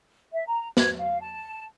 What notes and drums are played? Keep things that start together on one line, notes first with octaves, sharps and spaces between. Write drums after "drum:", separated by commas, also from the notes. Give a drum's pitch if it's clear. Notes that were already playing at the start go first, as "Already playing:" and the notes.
E5
A#5
G#6, drum: snare
F5
A5